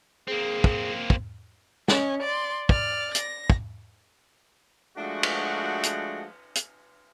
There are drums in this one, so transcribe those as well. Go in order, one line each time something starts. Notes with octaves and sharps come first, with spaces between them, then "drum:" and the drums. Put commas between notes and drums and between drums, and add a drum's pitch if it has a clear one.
A#3 C4 G#4
drum: kick
drum: kick
C#4 D#5, drum: snare
D5 C6
D5 F6, drum: kick
A#6, drum: hi-hat
drum: kick
F3 G#3 A3 D4 F#4
drum: cymbal
drum: hi-hat
drum: hi-hat